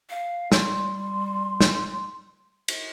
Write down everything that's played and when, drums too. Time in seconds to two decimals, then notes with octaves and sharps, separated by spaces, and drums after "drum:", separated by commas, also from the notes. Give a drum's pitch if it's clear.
0.09 F5
0.52 G3 C6, drum: snare
1.60 drum: snare
2.68 drum: cymbal